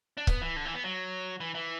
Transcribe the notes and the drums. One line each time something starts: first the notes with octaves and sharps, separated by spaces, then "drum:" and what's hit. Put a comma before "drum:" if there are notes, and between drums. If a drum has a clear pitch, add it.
D4
B3, drum: kick
E3
D3
E3
B3
F#3
E3
E3